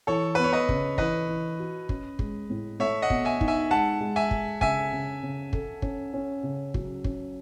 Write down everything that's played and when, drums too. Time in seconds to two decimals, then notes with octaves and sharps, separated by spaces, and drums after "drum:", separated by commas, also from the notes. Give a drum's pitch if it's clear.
0.07 E3 A4 C#5
0.35 B3 B4
0.44 C#5
0.53 B4 D#5
0.69 C#3, drum: kick
0.98 E3 B4 D#5, drum: kick
1.28 E3
1.60 F#4
1.89 C#4, drum: kick
2.19 G#3, drum: kick
2.50 A2
2.79 A3 C#5 E5
3.02 D#5 F#5
3.10 B2, drum: kick
3.25 E5 G#5
3.41 D#4, drum: kick
3.48 E5 G#5
3.71 G#3 F#5 A5
4.01 G#3
4.16 E5 G#5
4.31 G#3, drum: kick
4.61 C#3 E5 G#5, drum: kick
4.92 C#3
5.23 C#3
5.53 A4, drum: kick
5.82 C#4, drum: kick
6.13 C#4
6.43 C#3
6.74 F#3, drum: kick
7.04 C#4, drum: kick